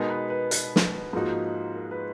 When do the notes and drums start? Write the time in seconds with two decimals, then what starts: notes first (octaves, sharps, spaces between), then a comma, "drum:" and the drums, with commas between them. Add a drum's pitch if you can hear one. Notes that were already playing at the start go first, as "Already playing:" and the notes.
Already playing: B2 G#3 B3 D#4 A#4
0.10 B4
0.30 B4
0.51 B4, drum: hi-hat
0.76 drum: snare
1.13 G#2 F3 A#3 D#4 F#4
1.76 A#4
1.91 B4